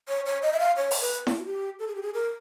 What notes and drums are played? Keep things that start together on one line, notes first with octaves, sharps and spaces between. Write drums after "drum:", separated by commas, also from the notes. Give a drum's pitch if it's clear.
C#5
C#5
D#5
E5
F5
C#5
drum: open hi-hat
B4
drum: snare E4
F#4
G4
A4
G#4
G4
G#4
A#4